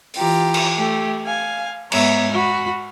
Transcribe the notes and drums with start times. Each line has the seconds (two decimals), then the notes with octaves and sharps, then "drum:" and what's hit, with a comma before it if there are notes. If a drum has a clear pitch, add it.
0.14 E3 F4 G4 A#5, drum: open hi-hat
0.54 drum: cymbal
0.77 A3 G4
1.25 F5 G#5
1.92 G#2 B3 C#5 E5 A#5, drum: cymbal
2.31 F#4 B5